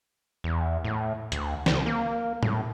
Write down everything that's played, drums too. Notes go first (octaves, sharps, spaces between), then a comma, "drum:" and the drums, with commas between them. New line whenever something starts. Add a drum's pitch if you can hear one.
E2
A2
D2, drum: hi-hat
C#2, drum: snare
A#3
A2, drum: tom A2